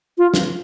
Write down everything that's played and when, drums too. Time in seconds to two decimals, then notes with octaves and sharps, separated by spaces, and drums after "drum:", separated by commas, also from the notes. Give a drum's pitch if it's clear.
0.18 F4
0.34 drum: snare